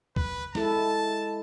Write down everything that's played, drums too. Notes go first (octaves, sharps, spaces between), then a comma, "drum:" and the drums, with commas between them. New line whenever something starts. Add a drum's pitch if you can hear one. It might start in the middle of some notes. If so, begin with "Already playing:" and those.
B4, drum: kick
G#3 E4 A4 A5, drum: snare